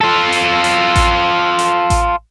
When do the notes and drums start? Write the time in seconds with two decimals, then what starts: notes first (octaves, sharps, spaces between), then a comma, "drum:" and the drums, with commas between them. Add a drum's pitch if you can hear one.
0.01 F4 A4
0.32 drum: hi-hat
0.64 drum: hi-hat
0.95 drum: kick A1, hi-hat
1.59 drum: hi-hat
1.90 drum: kick A1, hi-hat